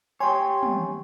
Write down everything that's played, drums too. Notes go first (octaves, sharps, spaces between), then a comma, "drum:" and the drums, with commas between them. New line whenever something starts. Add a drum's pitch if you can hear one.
G4 C#5 G#5 C6
drum: tom